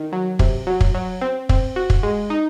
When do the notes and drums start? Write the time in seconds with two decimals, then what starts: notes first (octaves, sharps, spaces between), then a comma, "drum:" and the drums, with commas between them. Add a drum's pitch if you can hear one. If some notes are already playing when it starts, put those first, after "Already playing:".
Already playing: D#3
0.12 F#3
0.39 C3, drum: kick
0.67 F#3
0.81 drum: kick
0.94 F#3
1.21 C4
1.49 C4, drum: kick
1.76 F#4
1.90 drum: kick
2.03 G#3
2.30 D#4